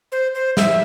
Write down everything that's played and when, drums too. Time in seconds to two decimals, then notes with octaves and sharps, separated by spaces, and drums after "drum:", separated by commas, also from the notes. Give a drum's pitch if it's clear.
0.12 C5
0.35 C5
0.57 E5, drum: snare